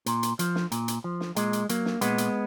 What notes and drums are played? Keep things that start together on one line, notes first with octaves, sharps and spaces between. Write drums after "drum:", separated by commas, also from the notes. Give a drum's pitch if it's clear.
A#2, drum: hi-hat
drum: hi-hat
F3, drum: hi-hat
drum: snare
A#2, drum: hi-hat
drum: hi-hat
F3
drum: snare
A#2 G#3, drum: hi-hat
drum: hi-hat
F#3 A#3, drum: hi-hat
drum: snare
A#2 G#3 B3, drum: hi-hat
drum: hi-hat